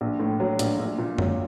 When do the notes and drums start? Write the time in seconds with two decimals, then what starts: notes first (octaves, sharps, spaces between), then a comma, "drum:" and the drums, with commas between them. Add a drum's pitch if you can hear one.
0.01 A#1
0.19 A2
0.40 F#3
0.59 A#1, drum: hi-hat
0.79 A#1
0.98 A#2
1.18 F#3, drum: tom F#2